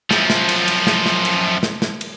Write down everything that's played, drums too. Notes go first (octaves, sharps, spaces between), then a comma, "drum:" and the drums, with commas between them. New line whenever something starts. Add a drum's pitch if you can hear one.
F#2 F3, drum: snare
drum: snare
drum: cymbal
drum: cymbal
drum: snare
drum: snare
drum: cymbal
drum: snare
drum: snare
drum: cymbal